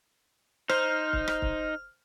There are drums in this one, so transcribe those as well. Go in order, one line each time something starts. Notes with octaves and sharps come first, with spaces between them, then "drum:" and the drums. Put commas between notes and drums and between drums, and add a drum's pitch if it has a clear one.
D#4 C5 F6, drum: rim click
drum: kick
drum: rim click
drum: kick